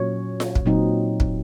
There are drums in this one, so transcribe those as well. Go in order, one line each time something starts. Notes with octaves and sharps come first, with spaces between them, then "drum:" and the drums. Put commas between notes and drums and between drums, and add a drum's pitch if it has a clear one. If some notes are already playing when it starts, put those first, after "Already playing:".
Already playing: A#2 F#3 C#4 C#5
drum: snare F4
drum: kick
A#2 F#3 C4 D#4
drum: kick